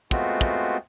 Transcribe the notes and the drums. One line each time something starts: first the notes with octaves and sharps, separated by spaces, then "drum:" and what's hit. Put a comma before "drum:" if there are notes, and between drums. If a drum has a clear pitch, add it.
G#3 A3 B3 C4 F4 F#4, drum: kick
drum: kick